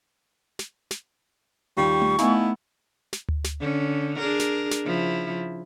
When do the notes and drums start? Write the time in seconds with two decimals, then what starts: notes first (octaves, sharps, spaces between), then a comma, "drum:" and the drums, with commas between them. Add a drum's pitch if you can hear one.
0.59 drum: snare
0.91 drum: snare
1.77 D#2 G3 F4 C#6
2.02 drum: tom A3
2.18 A3 B3 D#4 E4 F5 G#5, drum: snare
3.13 drum: snare
3.29 drum: tom D2
3.44 drum: snare
3.60 D3 C#4
4.18 D4 G#4 A#4
4.40 drum: snare
4.71 drum: snare
4.84 C#3 F3 E4